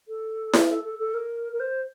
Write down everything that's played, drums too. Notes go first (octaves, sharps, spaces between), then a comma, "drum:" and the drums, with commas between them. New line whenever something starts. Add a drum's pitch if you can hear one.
A4
drum: snare E4
A4
A4
A4
A#4
A#4
C5